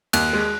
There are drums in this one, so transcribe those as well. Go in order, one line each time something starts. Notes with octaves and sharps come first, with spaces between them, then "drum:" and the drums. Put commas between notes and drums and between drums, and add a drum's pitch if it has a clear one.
D#2 F#6, drum: cymbal
G#3